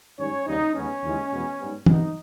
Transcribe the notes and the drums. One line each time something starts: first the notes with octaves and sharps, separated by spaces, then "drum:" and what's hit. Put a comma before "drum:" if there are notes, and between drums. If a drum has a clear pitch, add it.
G#2 D#3 G3 C#4 C#5
D#2 C#3 G3 A#3 D#4
D#2 C#3 G#3 B3 C#4
D#2 C#3 E3 G#3
E2 B2 G#3 B3
G#2 G3 B3
G2 G3 B3 D#4, drum: tom